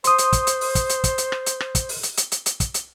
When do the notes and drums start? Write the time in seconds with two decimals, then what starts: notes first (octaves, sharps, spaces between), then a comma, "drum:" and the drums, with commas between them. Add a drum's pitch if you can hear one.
0.04 C5 C6 D#6, drum: hi-hat
0.18 drum: hi-hat
0.33 drum: kick, hi-hat
0.47 drum: hi-hat
0.61 drum: open hi-hat
0.75 drum: kick, hi-hat
0.89 drum: hi-hat
1.04 drum: kick, hi-hat
1.18 drum: hi-hat
1.32 drum: rim click
1.46 drum: hi-hat
1.61 drum: rim click
1.75 drum: kick, hi-hat
1.89 drum: open hi-hat
2.03 drum: hi-hat
2.17 drum: hi-hat
2.32 drum: hi-hat
2.46 drum: hi-hat
2.60 drum: kick, hi-hat
2.74 drum: hi-hat